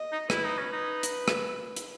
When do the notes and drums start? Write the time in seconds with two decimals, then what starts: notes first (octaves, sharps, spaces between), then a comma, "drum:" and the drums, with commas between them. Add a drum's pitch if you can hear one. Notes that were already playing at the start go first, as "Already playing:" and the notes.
Already playing: D#5
0.12 D#4
0.30 E4 B4, drum: rim click
0.44 D#4
0.58 C#4
0.72 D#4
1.03 drum: hi-hat
1.28 drum: rim click
1.76 drum: hi-hat